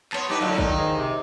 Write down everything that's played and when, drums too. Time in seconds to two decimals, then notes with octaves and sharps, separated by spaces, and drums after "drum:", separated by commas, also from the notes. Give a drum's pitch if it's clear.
0.13 B3 C#5 A5 C6, drum: clap
0.29 G3 D#4 G4 B4
0.41 F#2 A2 D3 F#3 D5 D#5 F5
0.58 D#3 D#4, drum: kick
0.78 G#4 C5 D#5
0.97 C3